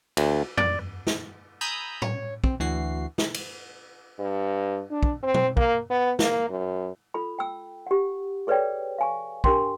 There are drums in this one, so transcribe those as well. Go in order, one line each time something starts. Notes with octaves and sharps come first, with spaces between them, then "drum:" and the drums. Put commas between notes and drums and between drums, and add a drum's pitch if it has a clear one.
D2, drum: cymbal
D5, drum: tom F2
drum: snare
G#5 A#5 B5 D#6 E6 G6
C#5, drum: tom A2
C4, drum: kick
D2 E3 F#4 C7
drum: snare
drum: cymbal
G2
D4
drum: kick
C4
drum: tom B2
A#3, drum: kick
B3
A#3, drum: snare
F#2
F4 A4 B5
G5 E6
G4 F#5
G#4 A4 B4 C#5 D5 G5
F5 G#5 C#6
D4 G4 A#4 G5 C6, drum: kick